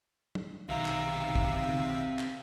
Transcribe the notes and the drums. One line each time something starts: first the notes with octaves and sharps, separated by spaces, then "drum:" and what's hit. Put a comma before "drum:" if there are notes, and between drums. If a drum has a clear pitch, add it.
drum: tom
B1 C3 D#3 E5 F5 A#5
drum: clap
drum: kick
drum: tom
drum: clap